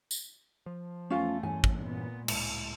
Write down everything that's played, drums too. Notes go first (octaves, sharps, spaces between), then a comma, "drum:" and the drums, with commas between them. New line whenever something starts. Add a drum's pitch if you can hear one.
drum: tambourine
F3
E2 A3 C#4 F4
G2 E3 C#4 G#5
drum: kick
A#2 B3
C#2 A2 G#3, drum: cymbal